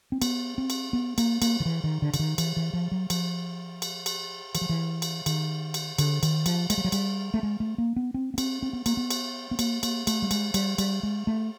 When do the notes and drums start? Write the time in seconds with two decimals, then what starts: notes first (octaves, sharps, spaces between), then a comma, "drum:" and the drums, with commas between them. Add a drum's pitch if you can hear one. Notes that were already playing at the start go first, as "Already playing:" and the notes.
0.12 C4
0.22 B3, drum: cymbal
0.58 C4
0.70 drum: cymbal
0.93 B3
1.18 A#3, drum: cymbal
1.42 A#3, drum: cymbal
1.60 D#3
1.65 E3
1.84 D#3
2.02 D3
2.14 D3, drum: cymbal
2.19 D#3
2.38 E3, drum: cymbal
2.56 E3
2.73 F3
2.92 F#3
3.10 F3, drum: cymbal
3.82 drum: cymbal
4.06 drum: cymbal
4.55 E3, drum: cymbal
4.61 F3
4.69 E3
5.02 drum: cymbal
5.26 D#3, drum: cymbal
5.74 drum: cymbal
5.98 D3, drum: cymbal
6.23 D#3, drum: cymbal
6.46 F3, drum: cymbal
6.70 G#3, drum: cymbal
6.78 G3
6.85 F#3
6.92 G3, drum: cymbal
7.34 A3
7.43 G#3
7.60 A3
7.78 A#3
7.96 B3
8.14 C4
8.34 B3
8.38 C4, drum: cymbal
8.62 C4
8.73 B3
8.86 A#3, drum: cymbal
8.97 B3
9.11 drum: cymbal
9.51 B3
9.59 A#3, drum: cymbal
9.83 A#3, drum: cymbal
10.07 A3, drum: cymbal
10.22 G3
10.31 G#3, drum: cymbal
10.54 G3, drum: cymbal
10.78 G3, drum: cymbal
11.03 G#3
11.27 A3